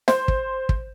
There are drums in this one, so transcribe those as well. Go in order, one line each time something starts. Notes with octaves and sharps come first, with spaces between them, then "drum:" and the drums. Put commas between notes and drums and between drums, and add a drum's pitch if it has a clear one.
C5, drum: snare
drum: kick
drum: kick